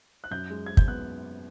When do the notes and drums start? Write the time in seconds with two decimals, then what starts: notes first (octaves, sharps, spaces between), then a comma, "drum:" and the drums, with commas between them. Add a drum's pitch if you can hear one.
0.24 F#6
0.31 F#2 G6
0.50 G#3
0.66 G#3 G#6
0.77 G6, drum: kick
0.88 B3 F#6